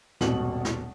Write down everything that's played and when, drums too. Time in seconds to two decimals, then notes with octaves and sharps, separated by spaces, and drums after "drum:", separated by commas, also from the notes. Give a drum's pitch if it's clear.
0.21 D#1 G#1 B2 F#7, drum: snare
0.65 drum: snare